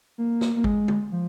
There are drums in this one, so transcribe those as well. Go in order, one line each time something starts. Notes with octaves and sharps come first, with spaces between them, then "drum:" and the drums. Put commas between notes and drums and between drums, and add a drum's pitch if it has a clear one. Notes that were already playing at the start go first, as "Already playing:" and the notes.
A#3
drum: snare
A#3
G#3, drum: kick
drum: tom
F3